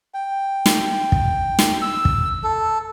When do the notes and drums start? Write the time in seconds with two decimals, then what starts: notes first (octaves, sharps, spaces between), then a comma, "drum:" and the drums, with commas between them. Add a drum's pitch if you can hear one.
0.14 G5
0.66 drum: snare
1.12 drum: kick
1.59 drum: snare
1.82 E6
2.05 drum: kick
2.44 A4